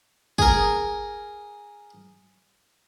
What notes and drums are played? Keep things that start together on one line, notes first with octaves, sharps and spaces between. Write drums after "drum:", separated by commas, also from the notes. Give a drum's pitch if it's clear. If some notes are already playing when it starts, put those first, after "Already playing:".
G#4 A#4, drum: kick